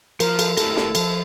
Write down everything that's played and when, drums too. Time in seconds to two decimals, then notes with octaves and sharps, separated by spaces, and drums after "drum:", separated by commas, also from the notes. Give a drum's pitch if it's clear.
0.20 F3 A#4, drum: cymbal
0.39 A4, drum: cymbal
0.57 A3 E4 G4 A4 A#4, drum: cymbal
0.77 A4, drum: snare
0.95 F3 A4, drum: cymbal